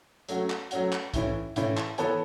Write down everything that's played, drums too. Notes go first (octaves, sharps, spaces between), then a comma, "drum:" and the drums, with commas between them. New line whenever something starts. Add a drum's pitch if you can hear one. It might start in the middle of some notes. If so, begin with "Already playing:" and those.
F#3 A3 C#4 F#4, drum: hi-hat
drum: clap
F#3 A3 C#4 F#4, drum: hi-hat
drum: clap
A2 E3 C#4 E4, drum: kick, hi-hat
A2 E3 C#4 E4, drum: hi-hat
drum: clap
E3 B3 A4 C#5, drum: hi-hat